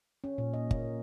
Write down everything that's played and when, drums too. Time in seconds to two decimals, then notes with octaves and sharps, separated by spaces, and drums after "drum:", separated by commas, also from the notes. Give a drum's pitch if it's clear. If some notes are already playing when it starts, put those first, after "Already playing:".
0.24 C#4
0.38 A#2
0.54 D#5
0.71 A#3, drum: kick G1